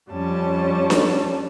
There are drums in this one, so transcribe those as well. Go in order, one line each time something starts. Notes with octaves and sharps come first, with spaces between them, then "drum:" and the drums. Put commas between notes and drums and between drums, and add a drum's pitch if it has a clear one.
F2 G3 C#4 A5
drum: snare D4